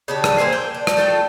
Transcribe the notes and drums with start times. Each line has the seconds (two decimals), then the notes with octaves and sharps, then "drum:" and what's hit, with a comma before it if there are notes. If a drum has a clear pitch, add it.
0.08 C#3 D4 G4
0.24 drum: rim click
0.38 A#3 C5 F5 G#5
0.52 G5
0.74 D4
0.87 drum: rim click
0.97 A3 F4 A4 G5